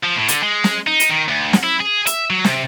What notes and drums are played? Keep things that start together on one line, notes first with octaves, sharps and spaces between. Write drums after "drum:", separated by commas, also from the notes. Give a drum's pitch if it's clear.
F3
A2
D3, drum: hi-hat
G#3
drum: snare
D#4
drum: hi-hat
D#3
D2
drum: snare
E4
G#4
E5, drum: hi-hat
F#3
C3, drum: snare